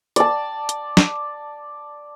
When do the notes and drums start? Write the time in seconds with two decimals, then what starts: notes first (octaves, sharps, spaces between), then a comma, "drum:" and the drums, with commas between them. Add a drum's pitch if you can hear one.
0.16 D5 A5, drum: hi-hat
0.69 drum: hi-hat
0.97 drum: snare